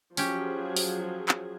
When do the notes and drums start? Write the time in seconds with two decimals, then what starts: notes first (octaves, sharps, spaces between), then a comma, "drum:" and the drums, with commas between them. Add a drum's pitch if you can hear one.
0.17 F3 F#3 C#4 G4 G#4, drum: open hi-hat
0.77 drum: open hi-hat
1.29 drum: clap